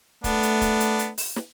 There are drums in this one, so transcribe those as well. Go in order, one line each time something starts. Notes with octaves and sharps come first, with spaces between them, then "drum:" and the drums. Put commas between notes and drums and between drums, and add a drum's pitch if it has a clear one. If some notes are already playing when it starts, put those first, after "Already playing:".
A3 B3 D4, drum: kick, hi-hat
drum: hi-hat
drum: kick, hi-hat
drum: hi-hat
drum: hi-hat
drum: open hi-hat
drum: snare